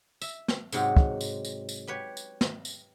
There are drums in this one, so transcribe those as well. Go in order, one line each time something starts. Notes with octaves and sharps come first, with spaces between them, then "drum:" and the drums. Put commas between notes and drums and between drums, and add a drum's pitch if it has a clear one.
E5, drum: tambourine
drum: snare
G#2 C3 F#3 D#4, drum: tambourine
drum: kick
drum: tambourine
drum: tambourine
drum: tambourine
G4 B4 C#5
drum: tambourine
drum: snare
drum: tambourine